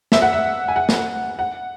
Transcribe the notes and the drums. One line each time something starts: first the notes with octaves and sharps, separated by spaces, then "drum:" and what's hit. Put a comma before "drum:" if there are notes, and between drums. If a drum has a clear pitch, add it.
E5, drum: snare
F#5
E5
G#5
F#5
drum: snare
F#5